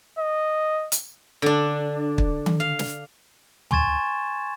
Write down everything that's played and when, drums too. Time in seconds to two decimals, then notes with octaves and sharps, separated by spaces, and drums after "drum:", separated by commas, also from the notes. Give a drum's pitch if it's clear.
0.19 D#5
0.92 drum: hi-hat
1.42 D3 D4
2.18 drum: kick
2.46 drum: tom D#3
2.60 F5
2.79 drum: snare
3.71 G#5 C6 C#6 G#6 A6 E7, drum: tom